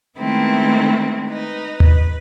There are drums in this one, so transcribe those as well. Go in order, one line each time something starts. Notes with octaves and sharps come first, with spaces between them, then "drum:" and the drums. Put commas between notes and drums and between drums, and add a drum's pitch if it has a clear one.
D#3 G#3 A3 B3 C4 E4
D#4 B4
B4, drum: tom D#2